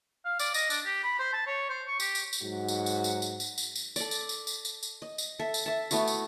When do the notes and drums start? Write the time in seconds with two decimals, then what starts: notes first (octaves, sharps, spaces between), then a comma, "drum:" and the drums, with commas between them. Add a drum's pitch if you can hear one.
0.25 F5
0.39 D5, drum: tambourine
0.54 D#5, drum: tambourine
0.70 D4, drum: tambourine
0.85 G4
1.03 B5
1.19 C5
1.33 A5
1.47 C#5
1.70 C5
1.88 C#6
2.00 G4, drum: tambourine
2.15 drum: tambourine
2.33 drum: tambourine
2.42 G#2 F#3 F#4
2.68 drum: tambourine
2.86 drum: tambourine
3.04 drum: tambourine
3.22 drum: tambourine
3.40 drum: tambourine
3.58 drum: tambourine
3.76 drum: tambourine
3.96 A4 D5, drum: tambourine
4.11 drum: tambourine
4.29 drum: tambourine
4.47 drum: tambourine
4.65 drum: tambourine
4.83 drum: tambourine
5.02 D#5
5.18 drum: tambourine
5.39 A4 E5
5.54 drum: tambourine
5.66 E5 A5
5.91 A3 B3 E4 F#4, drum: tambourine
6.08 drum: tambourine